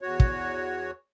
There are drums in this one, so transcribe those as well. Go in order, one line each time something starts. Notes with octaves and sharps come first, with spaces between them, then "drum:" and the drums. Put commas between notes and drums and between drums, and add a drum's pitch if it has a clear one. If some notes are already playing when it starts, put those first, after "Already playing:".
E2 F#4 C#5
drum: kick